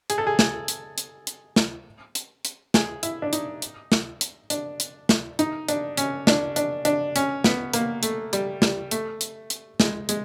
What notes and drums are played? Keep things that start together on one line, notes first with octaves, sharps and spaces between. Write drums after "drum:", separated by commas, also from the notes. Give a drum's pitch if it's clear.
G#4, drum: hi-hat
A4
G#4
G#4, drum: snare
drum: hi-hat
drum: hi-hat
drum: hi-hat
drum: snare
drum: hi-hat
drum: hi-hat
G#4, drum: snare
E4, drum: hi-hat
D4
D#4, drum: hi-hat
drum: hi-hat
drum: snare
drum: hi-hat
D4, drum: hi-hat
drum: hi-hat
drum: snare
D#4, drum: hi-hat
D4, drum: hi-hat
C#4, drum: hi-hat
D4, drum: snare
D4, drum: hi-hat
D4, drum: hi-hat
C#4, drum: hi-hat
B3, drum: snare
A#3, drum: hi-hat
A3, drum: hi-hat
G3, drum: hi-hat
G3, drum: snare
A3, drum: hi-hat
drum: hi-hat
drum: hi-hat
G#3, drum: snare
G#3, drum: hi-hat